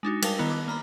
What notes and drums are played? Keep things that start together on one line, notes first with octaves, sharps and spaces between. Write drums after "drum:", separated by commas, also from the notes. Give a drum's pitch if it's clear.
G#3 D4 D#4 F#4
G3 A#4 F5 A5 D#6 F7, drum: cymbal
D#3 B3 E4
D6
A#3 A#5 B5